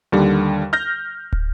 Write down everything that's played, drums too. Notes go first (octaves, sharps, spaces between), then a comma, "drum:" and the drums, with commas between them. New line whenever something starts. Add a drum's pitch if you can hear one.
D#2 D3 G3
F6 G6 A#6
drum: kick